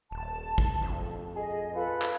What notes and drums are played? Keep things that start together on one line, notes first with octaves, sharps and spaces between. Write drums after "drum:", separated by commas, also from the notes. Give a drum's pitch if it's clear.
D#1 A5
drum: kick
F2
G#4 D#5
F4 A4 B4
drum: clap